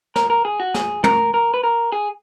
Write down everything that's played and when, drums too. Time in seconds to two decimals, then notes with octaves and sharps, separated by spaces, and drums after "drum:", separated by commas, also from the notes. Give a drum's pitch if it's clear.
0.16 A#4, drum: snare
0.30 A#4
0.45 G#4
0.60 F#4
0.74 G#4, drum: snare
1.04 A#4, drum: tom
1.34 A#4
1.54 B4
1.64 A#4
1.92 G#4